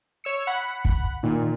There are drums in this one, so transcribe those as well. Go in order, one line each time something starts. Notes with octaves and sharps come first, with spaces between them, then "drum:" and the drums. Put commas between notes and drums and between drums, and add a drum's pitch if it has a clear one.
C#5 E6 C#7
F#5 B5
drum: kick
A#2 D#3